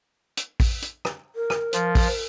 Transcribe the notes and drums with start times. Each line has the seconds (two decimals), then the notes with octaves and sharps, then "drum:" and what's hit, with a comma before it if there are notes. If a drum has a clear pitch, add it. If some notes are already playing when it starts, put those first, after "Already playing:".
0.37 drum: hi-hat
0.60 drum: kick, open hi-hat
0.82 drum: hi-hat
1.05 drum: rim click
1.36 A#4
1.50 drum: rim click
1.73 F3, drum: hi-hat
1.95 drum: kick, open hi-hat